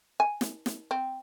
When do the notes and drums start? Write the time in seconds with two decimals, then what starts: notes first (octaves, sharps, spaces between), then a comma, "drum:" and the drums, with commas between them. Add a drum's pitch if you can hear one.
0.20 G#5
0.41 drum: snare
0.66 drum: snare
0.91 C4